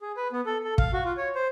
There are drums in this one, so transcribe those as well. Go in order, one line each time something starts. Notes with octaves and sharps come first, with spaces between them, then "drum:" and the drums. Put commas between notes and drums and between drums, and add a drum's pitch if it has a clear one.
G#4
B4
B3
A4
A4
F5, drum: kick
F#4
F4
C#5
C5